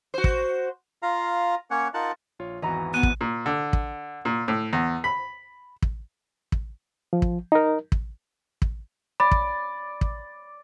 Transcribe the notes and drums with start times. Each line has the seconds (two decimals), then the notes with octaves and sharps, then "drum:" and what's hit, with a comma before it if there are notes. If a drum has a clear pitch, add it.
0.14 F#4 C5
0.24 drum: kick
1.03 F4 F5 A#5
1.71 A#3 C#4 C#5 F#5
1.94 D#4 F4 A#4 F#5 A5 F#6
2.39 A#1 F4 C#5
2.62 G#1 E2 E3 F#4 D#5 A#5
2.94 B3 F#6 D#7
3.03 drum: kick
3.21 A#2
3.46 D3
3.73 drum: kick
4.25 A#2
4.48 A2
4.73 E2
5.04 B5
5.82 drum: kick
6.52 drum: kick
7.13 F3
7.22 drum: kick
7.52 D#4 A#4
7.92 drum: kick
8.62 drum: kick
9.20 D5 B5
9.31 drum: kick
10.01 drum: kick